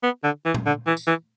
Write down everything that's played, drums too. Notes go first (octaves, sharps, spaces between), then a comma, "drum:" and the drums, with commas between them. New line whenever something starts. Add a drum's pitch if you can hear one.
B3
D3
E3
drum: tom A#2
D3
E3
drum: tambourine
E3